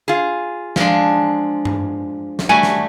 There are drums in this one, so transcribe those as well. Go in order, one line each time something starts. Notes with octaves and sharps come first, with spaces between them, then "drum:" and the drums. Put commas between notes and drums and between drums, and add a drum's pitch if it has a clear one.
F4 G#4
F3 G#3 D4, drum: snare
drum: tom G2
drum: snare
G3 A3 F#4 G#5
drum: snare